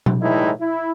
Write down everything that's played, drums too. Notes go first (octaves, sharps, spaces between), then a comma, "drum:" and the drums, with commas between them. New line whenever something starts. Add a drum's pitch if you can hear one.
drum: tom B2
A2 E3 G3 G#3 D#4 E4
E4